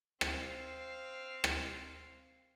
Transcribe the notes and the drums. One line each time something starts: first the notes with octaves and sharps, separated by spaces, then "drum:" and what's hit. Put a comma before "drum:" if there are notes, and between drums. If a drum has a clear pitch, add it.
C4 F5, drum: rim click
drum: rim click